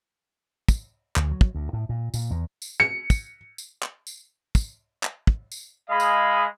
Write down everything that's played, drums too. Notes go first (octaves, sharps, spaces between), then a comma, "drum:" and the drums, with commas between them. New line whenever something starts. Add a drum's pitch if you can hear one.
drum: kick, tambourine
D2, drum: clap
F#3
drum: kick
D2
A2
A#2
A#2, drum: tambourine
E2
drum: tambourine
C#7
drum: kick, tambourine
drum: tambourine
drum: clap
drum: tambourine
drum: kick, tambourine
drum: clap
drum: kick
drum: tambourine
G#3 G#4 D#5 F5 B5
drum: tambourine